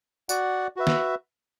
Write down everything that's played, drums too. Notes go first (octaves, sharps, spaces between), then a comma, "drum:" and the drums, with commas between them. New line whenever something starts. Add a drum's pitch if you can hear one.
F#4 D5 F#5, drum: tambourine
F#4 B4 E5
drum: snare